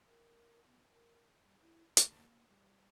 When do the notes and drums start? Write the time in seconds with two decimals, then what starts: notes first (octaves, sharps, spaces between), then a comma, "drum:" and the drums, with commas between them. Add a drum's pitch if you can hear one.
0.07 A#4
0.66 B3
0.92 A#4
1.46 G3
1.60 E4
1.97 A3, drum: hi-hat
2.15 A#3
2.49 G3